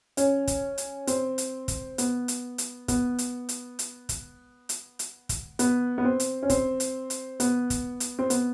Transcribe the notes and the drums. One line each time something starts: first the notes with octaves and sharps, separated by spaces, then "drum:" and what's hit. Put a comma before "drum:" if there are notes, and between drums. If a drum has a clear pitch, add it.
C#4, drum: hi-hat
drum: kick, hi-hat
drum: hi-hat
C4, drum: hi-hat
drum: hi-hat
drum: kick, hi-hat
B3, drum: hi-hat
drum: hi-hat
drum: hi-hat
B3, drum: kick, hi-hat
drum: hi-hat
drum: hi-hat
drum: hi-hat
drum: kick, hi-hat
drum: hi-hat
drum: hi-hat
drum: kick, hi-hat
B3, drum: hi-hat
B3
C4
drum: hi-hat
C#4
C4, drum: kick, hi-hat
drum: hi-hat
drum: hi-hat
B3, drum: hi-hat
drum: kick, hi-hat
drum: hi-hat
C4
B3, drum: hi-hat